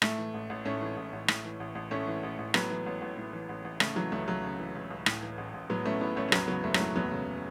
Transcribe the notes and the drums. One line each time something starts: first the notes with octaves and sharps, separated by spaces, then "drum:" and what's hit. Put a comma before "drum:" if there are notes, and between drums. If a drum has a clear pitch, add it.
A2 A3, drum: rim click
E3
A1
A1
A2 A3 C#4
E3
A1
A1
A2, drum: rim click
E3
A1
A1
A2 A3 C#4
E3
A1
A1
A2 F#3 B3, drum: rim click
E3
A1
A1
A2
E3
A1
A1
C#3 A3, drum: rim click
E3 F#3
C#2 A3
C#2 F#3
C#3
E3
C#2
C#2
A2, drum: rim click
E3
A1
A1
A2 F#3 B3
E3 A3 C#4
A1 B3 E4
A1 A3 C#4
C#4
E2 F#3 B3, drum: rim click
C#3 F#3 B3
F#1 A3
F#3, drum: rim click
E3 A3
E2 F#3 B3
C#3